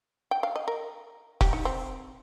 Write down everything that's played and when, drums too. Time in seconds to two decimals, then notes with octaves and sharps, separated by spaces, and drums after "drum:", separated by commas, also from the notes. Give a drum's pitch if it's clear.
0.31 G5
0.43 F5
0.56 D#5
0.68 A#4
1.41 G4, drum: kick F1
1.53 D#4
1.65 C4